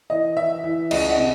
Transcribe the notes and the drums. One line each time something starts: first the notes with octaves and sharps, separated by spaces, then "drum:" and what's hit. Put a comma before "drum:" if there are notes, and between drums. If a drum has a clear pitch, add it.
E3 D#5
E3 E5
E3
C#2 D#5, drum: cymbal
D#5 F#5
C3